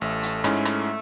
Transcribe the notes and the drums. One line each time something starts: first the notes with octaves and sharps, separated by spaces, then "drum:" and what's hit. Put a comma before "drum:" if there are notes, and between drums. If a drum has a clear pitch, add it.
A1 A3
drum: hi-hat
G#2 G#3 C#4 E4, drum: rim click
drum: rim click